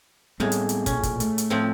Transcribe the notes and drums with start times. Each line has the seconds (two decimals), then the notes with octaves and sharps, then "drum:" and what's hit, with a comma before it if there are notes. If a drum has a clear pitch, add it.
0.40 A2 G3 G#3 B3 C4
0.52 drum: hi-hat
0.69 drum: hi-hat
0.86 B1 A#2 C#4, drum: kick, hi-hat
1.03 drum: kick, hi-hat
1.20 A3, drum: hi-hat
1.38 drum: hi-hat
1.50 A2 F3 C4